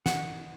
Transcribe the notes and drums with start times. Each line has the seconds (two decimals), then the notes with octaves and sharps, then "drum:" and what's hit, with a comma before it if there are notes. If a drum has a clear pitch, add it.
0.06 F#5, drum: snare